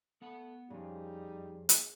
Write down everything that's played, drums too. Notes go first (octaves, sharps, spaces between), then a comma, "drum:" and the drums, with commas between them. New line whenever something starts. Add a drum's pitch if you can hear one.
A3 B3 F#5
F2 G#2 C#3 G3 D#4
drum: hi-hat